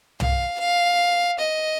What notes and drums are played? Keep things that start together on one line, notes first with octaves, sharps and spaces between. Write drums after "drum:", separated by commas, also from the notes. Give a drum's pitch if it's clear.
F5, drum: tom
F5
D#5